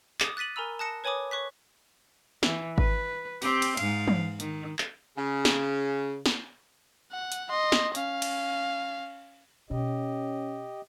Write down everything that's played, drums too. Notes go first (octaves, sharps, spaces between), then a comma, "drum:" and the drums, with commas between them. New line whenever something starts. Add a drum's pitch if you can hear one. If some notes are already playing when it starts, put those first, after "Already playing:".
D6 D#6, drum: clap
F#6 A6 B6 D#7 F#7
A#4 G#5 A#5 B5 E6
A5 D#6 F#6 A#6 C#7 E7
B4 C#5 G#5 B5 D6 D#6
C#5 C#6 F#6 B6
E3, drum: snare
B4, drum: kick G#1
C4 G4, drum: open hi-hat
drum: cymbal
G#2 F5, drum: cymbal
drum: tom E3
D#3, drum: hi-hat
drum: clap
C#3
drum: snare
drum: snare
F#5
drum: hi-hat
D#5 C6
drum: snare
C#4 F5, drum: hi-hat
drum: cymbal
B2 C#4 D#4 G4 D#5